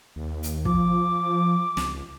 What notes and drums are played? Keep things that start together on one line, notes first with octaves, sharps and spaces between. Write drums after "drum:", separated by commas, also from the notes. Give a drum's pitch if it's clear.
D#2
drum: hi-hat
F3 D6, drum: kick
C#2, drum: snare